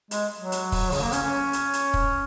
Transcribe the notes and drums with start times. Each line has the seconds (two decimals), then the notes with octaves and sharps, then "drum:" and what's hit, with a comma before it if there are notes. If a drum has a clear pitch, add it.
0.11 G#3, drum: hi-hat
0.38 F#3
0.52 drum: hi-hat
0.72 drum: kick, open hi-hat
0.92 C#3, drum: open hi-hat
1.02 A#3
1.12 C#4, drum: hi-hat
1.23 C#4
1.53 drum: hi-hat
1.73 drum: hi-hat
1.94 drum: kick